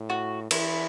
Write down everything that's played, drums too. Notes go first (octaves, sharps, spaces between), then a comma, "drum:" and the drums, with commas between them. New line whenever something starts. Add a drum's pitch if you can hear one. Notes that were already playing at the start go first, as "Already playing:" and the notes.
Already playing: A2
F#4
E3 E4, drum: cymbal